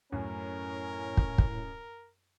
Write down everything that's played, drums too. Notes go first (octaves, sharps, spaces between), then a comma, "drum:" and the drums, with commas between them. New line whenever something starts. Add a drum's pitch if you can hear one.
F#2 A2 C#4 A#4
drum: kick
drum: kick